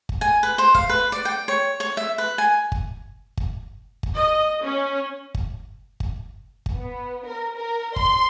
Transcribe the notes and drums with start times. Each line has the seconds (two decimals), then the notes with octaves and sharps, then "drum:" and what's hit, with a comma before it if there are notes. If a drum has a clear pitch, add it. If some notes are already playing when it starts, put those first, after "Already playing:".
0.09 drum: kick G1
0.21 G#5
0.43 B4
0.58 C5
0.75 F5, drum: kick G1
0.89 B4
1.12 D5
1.25 G5
1.48 C#5
1.80 C#5
1.97 E5
2.18 B4
2.38 G#5
2.72 drum: kick G1
3.37 drum: kick G1
4.03 drum: kick G1
4.16 D#5
4.64 C#4
5.35 drum: kick G1
6.00 drum: kick G1
6.66 drum: kick G1
6.77 B3
7.26 A#4
7.56 A#4
7.96 C6, drum: kick G1